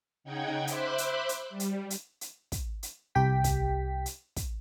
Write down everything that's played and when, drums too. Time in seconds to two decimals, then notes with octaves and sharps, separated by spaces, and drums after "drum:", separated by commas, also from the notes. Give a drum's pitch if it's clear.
0.24 C#3 D#4 F#5 G5 G#6
0.67 C5 E5 B5 C6 D6 F#6, drum: hi-hat
0.98 drum: hi-hat
1.29 drum: hi-hat
1.50 G3
1.60 drum: hi-hat
1.90 drum: hi-hat
2.21 drum: hi-hat
2.52 drum: kick, hi-hat
2.83 drum: hi-hat
3.15 C2 G4 G5 B6
3.44 drum: kick, hi-hat
4.06 drum: hi-hat
4.36 drum: kick, hi-hat